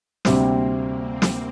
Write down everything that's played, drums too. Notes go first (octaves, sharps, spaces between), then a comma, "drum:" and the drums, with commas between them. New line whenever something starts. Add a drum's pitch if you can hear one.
D2 C3 G3 A#3 C4, drum: snare
C4
drum: snare